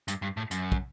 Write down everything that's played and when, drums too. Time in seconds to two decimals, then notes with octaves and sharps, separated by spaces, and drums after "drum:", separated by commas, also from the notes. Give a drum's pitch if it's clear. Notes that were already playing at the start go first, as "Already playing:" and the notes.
0.08 G2, drum: hi-hat
0.22 G2
0.37 A2
0.51 F#2, drum: hi-hat
0.72 drum: kick